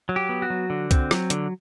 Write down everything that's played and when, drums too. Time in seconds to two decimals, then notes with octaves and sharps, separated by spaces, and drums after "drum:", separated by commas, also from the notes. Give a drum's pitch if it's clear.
0.09 F#3
0.16 G4
0.29 B3
0.42 F#4
0.50 F#3
0.70 D3
0.91 C4, drum: kick C2, hi-hat
1.11 F#3, drum: rim click
1.30 D3, drum: hi-hat